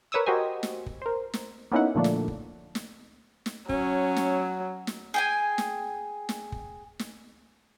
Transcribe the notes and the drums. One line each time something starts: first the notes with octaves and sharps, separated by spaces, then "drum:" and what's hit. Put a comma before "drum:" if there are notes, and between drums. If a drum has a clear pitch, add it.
A#4 B4 C#5 C#6 D#6 E6
F#4 G4 A#4 C5 D#5 G#5
drum: snare
drum: kick
A#4 C5
drum: snare
A#3 B3 C#4 D#4 E4 F#5
A#2 D3 F3 A3 A#3 D4
drum: snare
drum: kick
drum: snare
drum: snare
F#3 C#4, drum: kick
drum: snare
drum: snare
G#4 G5 G#5
drum: snare
drum: snare
drum: kick
drum: snare